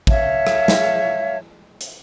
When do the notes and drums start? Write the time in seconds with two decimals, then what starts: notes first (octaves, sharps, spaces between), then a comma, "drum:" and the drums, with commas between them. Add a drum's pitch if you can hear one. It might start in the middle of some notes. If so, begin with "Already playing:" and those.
0.07 C#5 E5 F5 A5, drum: kick
0.47 drum: rim click
0.68 drum: snare
1.81 drum: hi-hat